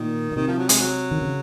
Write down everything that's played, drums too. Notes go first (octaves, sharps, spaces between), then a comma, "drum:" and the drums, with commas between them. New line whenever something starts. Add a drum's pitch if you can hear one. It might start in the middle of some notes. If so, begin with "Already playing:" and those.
Already playing: A#2 D#3
A#2
C3 D#3
F3
F#3
G#3, drum: hi-hat
F#3
D#3
C#3